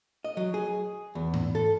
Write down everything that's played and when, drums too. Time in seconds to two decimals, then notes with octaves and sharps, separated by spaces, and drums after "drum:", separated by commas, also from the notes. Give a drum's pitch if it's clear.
0.25 D#5
0.37 F#3
0.54 G#4
1.15 E2
1.34 drum: tom G#2
1.55 A4